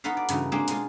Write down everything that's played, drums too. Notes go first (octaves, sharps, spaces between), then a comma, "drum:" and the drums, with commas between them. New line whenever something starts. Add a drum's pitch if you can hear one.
B3 D#4 F#4 A4 B4 F5
D5
G2 C#3 E3 D#4 F#4, drum: hi-hat
G#3 A#3 C4 D4 G4 G#4
B2 G#3 F4, drum: hi-hat